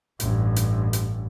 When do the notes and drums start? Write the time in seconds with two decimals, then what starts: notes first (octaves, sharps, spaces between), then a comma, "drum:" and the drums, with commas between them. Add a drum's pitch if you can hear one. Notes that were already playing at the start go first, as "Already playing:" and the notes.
0.20 A1 G2, drum: hi-hat
0.56 drum: hi-hat
0.93 drum: hi-hat